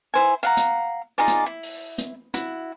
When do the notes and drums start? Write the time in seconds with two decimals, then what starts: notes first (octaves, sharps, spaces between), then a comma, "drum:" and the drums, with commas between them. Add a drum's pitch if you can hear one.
0.14 E4 C5 G#5
0.43 F5 F#5 A#5
0.57 drum: hi-hat
1.18 D#4 F4 G#4 D5
1.28 drum: hi-hat
1.46 E4
1.63 drum: open hi-hat
1.98 drum: hi-hat
2.34 E4 F#4, drum: hi-hat